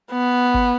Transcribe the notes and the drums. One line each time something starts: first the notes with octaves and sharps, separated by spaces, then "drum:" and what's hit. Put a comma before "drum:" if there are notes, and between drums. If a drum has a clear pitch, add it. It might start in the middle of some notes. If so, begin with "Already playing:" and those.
B3
drum: kick G1